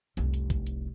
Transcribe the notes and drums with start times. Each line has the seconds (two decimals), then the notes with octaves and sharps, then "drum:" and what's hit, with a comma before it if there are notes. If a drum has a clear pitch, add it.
0.17 F1 C2, drum: hi-hat
0.34 drum: hi-hat
0.50 drum: kick, hi-hat
0.67 drum: hi-hat